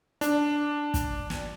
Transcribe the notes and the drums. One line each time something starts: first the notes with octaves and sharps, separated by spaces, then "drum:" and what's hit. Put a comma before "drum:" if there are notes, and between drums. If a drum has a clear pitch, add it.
D4, drum: hi-hat
drum: kick, hi-hat
drum: snare